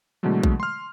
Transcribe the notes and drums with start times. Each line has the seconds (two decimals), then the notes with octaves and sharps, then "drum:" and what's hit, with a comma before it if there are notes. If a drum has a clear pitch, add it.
0.23 B2 D3 E3 F#3 G#3 A3
0.43 drum: kick A#1
0.60 C6 F6